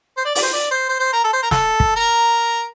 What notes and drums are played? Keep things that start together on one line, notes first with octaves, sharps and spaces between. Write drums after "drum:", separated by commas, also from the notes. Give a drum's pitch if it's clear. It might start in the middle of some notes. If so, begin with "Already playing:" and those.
C5
D5
D5, drum: open hi-hat
C5
D5
C5
C5
C5
A#4
A4
C5
A#4
A4, drum: snare
drum: kick
A#4